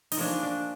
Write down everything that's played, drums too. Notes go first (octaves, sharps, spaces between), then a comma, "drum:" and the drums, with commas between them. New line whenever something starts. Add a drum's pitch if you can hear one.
D#4, drum: open hi-hat
F3 A#3 C#4 D4
D4